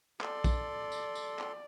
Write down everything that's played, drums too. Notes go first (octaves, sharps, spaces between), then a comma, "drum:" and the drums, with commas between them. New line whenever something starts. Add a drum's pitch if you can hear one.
A4 D5 C6, drum: clap
drum: kick A#1, tambourine
drum: tambourine
drum: tambourine
drum: clap